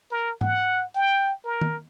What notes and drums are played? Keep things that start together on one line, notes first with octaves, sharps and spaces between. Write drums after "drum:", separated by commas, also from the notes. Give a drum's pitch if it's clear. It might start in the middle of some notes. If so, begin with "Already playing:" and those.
A#4
F#5, drum: tom G#2
G5
A#4
drum: tom